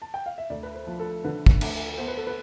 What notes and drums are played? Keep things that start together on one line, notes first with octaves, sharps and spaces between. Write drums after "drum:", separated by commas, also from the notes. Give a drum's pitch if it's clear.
A5
G5
F5
E5
D2 D5
B4
C5
F3
A4
D3 B4
drum: kick
D2, drum: cymbal
B3 C5
B4
A4
B4